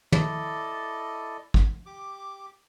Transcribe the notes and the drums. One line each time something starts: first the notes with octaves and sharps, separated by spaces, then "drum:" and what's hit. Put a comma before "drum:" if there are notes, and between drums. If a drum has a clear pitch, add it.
E4 A4 D5 D#5, drum: tom
drum: kick
G4 D6